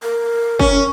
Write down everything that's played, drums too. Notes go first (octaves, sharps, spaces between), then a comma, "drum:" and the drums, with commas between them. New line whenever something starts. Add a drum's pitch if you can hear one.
A#4
C#4, drum: kick